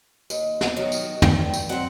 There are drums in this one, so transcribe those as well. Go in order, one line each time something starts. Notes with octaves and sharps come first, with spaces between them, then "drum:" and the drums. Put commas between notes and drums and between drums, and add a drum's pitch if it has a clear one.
D#2, drum: tambourine
drum: snare
D#3 F#3 B3
drum: tambourine
G2 G5, drum: tom
drum: tambourine
F#3 C4 F#5